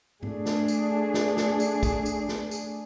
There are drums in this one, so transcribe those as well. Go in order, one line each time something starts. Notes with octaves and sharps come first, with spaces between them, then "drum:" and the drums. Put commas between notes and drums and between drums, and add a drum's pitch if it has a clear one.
A3 D4 G#4, drum: tom G#2
drum: snare
drum: tambourine
drum: snare
drum: snare
drum: tambourine
drum: kick, tambourine
drum: tambourine
drum: snare
drum: tambourine